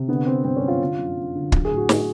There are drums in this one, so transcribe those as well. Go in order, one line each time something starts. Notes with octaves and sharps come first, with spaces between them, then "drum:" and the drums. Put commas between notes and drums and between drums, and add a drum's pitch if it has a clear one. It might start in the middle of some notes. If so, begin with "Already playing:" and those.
Already playing: C3
D3 B3
D3 C4
G2 C4
C#4
F#3
F4
D3
F#2
F#2
D3
F#3, drum: kick
G#4
A2
F#4
A2, drum: snare